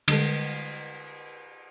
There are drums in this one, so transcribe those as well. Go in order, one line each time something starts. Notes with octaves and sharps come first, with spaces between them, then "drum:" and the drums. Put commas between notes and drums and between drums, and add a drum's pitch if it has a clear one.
D3 G3 G#3 A4, drum: cymbal